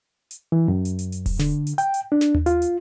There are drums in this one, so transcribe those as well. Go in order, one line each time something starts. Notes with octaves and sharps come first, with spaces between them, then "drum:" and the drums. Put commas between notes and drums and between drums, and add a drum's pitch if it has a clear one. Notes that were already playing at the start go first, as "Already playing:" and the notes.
drum: hi-hat
E3
F#2
drum: hi-hat
drum: hi-hat
drum: hi-hat
drum: kick D#1, open hi-hat
D3, drum: snare
drum: hi-hat
G5, drum: hi-hat
drum: hi-hat
D4
drum: snare
drum: tom D#2
F4, drum: hi-hat
drum: hi-hat